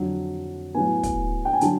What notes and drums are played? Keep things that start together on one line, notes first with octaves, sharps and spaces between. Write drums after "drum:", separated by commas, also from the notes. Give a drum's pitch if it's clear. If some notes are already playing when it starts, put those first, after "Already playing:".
Already playing: F2 D3 F#3
A2 F#3 B3 G#5
drum: kick, hi-hat
G5
G#5
D3 F#3 A5, drum: hi-hat